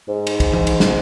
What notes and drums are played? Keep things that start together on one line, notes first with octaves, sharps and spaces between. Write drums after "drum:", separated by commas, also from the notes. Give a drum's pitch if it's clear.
G#2
drum: cymbal
drum: kick, cymbal
drum: tom E3
drum: cymbal
drum: snare